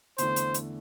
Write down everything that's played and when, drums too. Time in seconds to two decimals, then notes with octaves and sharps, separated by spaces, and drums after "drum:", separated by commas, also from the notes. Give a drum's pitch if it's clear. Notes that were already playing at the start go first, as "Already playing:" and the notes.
0.18 E2 D3 A3 E4 C5, drum: hi-hat
0.36 drum: hi-hat
0.54 drum: hi-hat